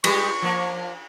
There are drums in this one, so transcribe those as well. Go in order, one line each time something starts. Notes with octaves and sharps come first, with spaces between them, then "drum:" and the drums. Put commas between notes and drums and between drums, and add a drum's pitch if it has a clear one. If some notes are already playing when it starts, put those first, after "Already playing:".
G3 G#3 G4 C#6, drum: cymbal
F3 A#3